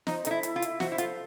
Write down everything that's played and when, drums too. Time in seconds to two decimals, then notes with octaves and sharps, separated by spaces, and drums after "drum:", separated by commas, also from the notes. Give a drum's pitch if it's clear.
0.07 D#4 C5, drum: snare
0.25 D#4 A4, drum: hi-hat
0.31 E4
0.43 E4, drum: hi-hat
0.56 F4
0.62 E5, drum: hi-hat
0.80 F#4 C5, drum: snare
0.92 E4
0.98 F4 A4, drum: hi-hat